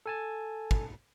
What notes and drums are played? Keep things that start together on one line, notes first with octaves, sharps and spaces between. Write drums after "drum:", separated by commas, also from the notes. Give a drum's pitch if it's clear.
A4 G#5 A5
drum: kick